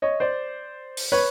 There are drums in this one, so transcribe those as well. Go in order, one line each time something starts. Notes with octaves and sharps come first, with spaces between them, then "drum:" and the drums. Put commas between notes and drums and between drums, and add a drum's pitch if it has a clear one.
C#5 D#5
C5 D5
drum: open hi-hat
B4 C#5